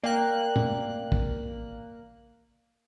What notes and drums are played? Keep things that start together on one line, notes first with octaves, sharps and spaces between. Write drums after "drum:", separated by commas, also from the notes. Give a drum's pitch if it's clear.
A#3 D5 G5 F#6
drum: tom
drum: kick